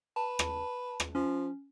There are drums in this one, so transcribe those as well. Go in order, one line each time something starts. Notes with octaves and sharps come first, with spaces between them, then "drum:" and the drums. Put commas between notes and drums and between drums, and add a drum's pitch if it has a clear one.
B4 A5
drum: rim click
drum: rim click
F3 C#4